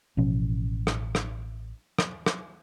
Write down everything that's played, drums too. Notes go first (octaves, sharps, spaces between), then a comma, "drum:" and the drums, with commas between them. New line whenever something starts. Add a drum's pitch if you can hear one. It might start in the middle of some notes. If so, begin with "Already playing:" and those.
A1 B2 F3 C#4
drum: rim click
drum: rim click
drum: rim click
drum: rim click